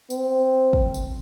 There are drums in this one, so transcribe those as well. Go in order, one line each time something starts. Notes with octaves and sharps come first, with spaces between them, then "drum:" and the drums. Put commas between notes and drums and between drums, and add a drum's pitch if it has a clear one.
C4, drum: tambourine
drum: kick
drum: tambourine